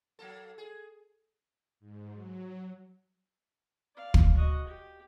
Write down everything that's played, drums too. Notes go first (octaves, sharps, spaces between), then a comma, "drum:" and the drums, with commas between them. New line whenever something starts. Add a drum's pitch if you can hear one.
F#3 A#3 A4
G#4
G#2
F#3
D5 F5
drum: kick
F#4 D#5
G4